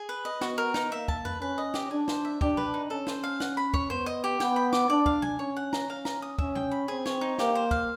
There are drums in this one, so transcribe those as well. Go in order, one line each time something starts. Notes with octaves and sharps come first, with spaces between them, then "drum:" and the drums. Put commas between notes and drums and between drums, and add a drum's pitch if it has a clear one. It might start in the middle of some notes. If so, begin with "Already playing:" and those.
Already playing: G#4
B4
D#5
B3 F#4, drum: snare
A#4
D#4, drum: snare
A#3 E5
A5, drum: kick
B4, drum: tom F2
C#4 B4
D#5
G4, drum: snare
D4 G#4
C5, drum: snare
E5
D4 G4, drum: kick
B4, drum: tom B2
D#4
C#4 A4
C5, drum: snare
F5
F#5, drum: snare
B5
C#5, drum: kick
B3 C5, drum: tom F2
D#5
G4
B3 G5, drum: snare
B5
D6, drum: snare
D4 D5
F5, drum: kick
G#5, drum: tom B2
C#4 C#5
F#5
A#5, drum: snare
C#4 F5
A#5, drum: snare
D#6
C#4 E5, drum: kick
G5, drum: tom B2
B5
C4 G#4
C#5, drum: snare
D#4
A#3 G4, drum: snare
C5
F5, drum: kick